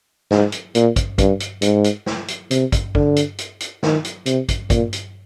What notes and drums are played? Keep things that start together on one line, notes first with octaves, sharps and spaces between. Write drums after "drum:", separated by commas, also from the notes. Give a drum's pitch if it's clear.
G#2, drum: snare
drum: hi-hat
A#2, drum: hi-hat
drum: kick, hi-hat
G2, drum: kick, hi-hat
drum: hi-hat
G#2, drum: hi-hat
drum: hi-hat
drum: snare
drum: hi-hat
C3, drum: hi-hat
drum: kick, hi-hat
D3, drum: kick
drum: hi-hat
drum: hi-hat
drum: hi-hat
D#3, drum: snare
drum: hi-hat
C3, drum: hi-hat
drum: kick, hi-hat
A#2, drum: kick, hi-hat
drum: hi-hat